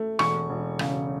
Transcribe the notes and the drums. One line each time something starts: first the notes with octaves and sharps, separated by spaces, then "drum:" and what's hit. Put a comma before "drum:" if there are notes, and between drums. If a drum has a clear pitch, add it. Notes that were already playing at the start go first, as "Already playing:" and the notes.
Already playing: A3
E1 C#6, drum: rim click
E1
C#3, drum: rim click